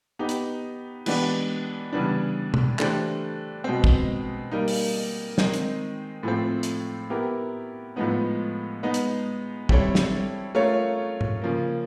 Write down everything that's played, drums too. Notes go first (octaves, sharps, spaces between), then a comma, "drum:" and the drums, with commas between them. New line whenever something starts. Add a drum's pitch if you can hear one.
B3 D#4 G4
drum: hi-hat
E3 G#3 B3 D4 G4, drum: cymbal
C#3 E3 G3 B3 D4
drum: tom
E3 A3 D4 G4 C5, drum: clap
B2 G#3 C4
drum: kick
G3 A#3 D#4
drum: open hi-hat
D#3 G#3 C4 D#4, drum: snare
drum: hi-hat
A2 F3 A3 C4
drum: hi-hat
B3 E4 G4 A#4
A2 F3 G#3 B3 D#4
G#3 B3 D#4
drum: hi-hat
G3 C4 E4 A4 C#5, drum: kick
drum: snare
A3 C#4 F4 A#4 C#5
drum: tom
C#3 F3 A#3